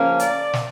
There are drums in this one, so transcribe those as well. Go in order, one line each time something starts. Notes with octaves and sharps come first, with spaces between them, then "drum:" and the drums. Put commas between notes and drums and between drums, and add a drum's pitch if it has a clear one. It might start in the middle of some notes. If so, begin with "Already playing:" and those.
Already playing: C#3 F3 A#3 C#4
D5, drum: hi-hat
drum: snare